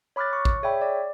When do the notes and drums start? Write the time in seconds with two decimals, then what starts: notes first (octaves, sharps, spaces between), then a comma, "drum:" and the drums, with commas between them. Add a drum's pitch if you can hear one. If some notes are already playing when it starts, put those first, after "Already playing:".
0.16 C#5 B5 D6 F6 F#6 A6
0.32 C#5 C#6
0.45 drum: kick A1
0.63 G#4 C#5 D5 E5 G5 B5
0.81 D5